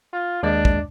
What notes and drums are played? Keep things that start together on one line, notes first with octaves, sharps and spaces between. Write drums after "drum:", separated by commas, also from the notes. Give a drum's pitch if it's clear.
F4
D#2 G#3 D4 D#5
drum: kick